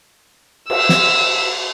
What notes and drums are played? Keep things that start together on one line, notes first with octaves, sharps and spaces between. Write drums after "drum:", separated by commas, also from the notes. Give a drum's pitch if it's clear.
E6, drum: cymbal
drum: snare